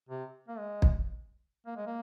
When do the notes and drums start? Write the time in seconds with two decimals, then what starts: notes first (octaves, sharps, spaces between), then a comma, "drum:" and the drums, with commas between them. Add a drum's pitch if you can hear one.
0.09 C3
0.48 A#3
0.58 G#3
0.82 drum: kick
1.66 A#3
1.77 G#3
1.86 A#3